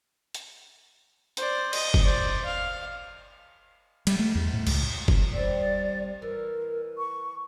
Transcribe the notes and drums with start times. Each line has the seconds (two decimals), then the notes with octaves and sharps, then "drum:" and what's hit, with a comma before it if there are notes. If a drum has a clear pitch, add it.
0.35 drum: hi-hat
1.37 C5 D5, drum: hi-hat
1.73 D#5, drum: cymbal
1.94 drum: kick F#1
2.04 C5 D5
2.45 F5
4.07 G3, drum: cymbal
4.19 A3
4.35 E2
4.53 A2
4.67 C#2, drum: cymbal
5.08 drum: kick F#1
5.34 G3 C4 D5
6.22 E3 A#4
6.98 C#6